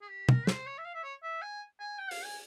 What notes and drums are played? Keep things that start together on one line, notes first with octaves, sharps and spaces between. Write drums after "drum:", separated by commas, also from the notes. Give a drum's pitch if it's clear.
G#4
G4
A#4, drum: tom
C5, drum: snare
C#5
E5
F5
E5
C#5
E5
G#5
G#5
G5
F5, drum: open hi-hat
G#5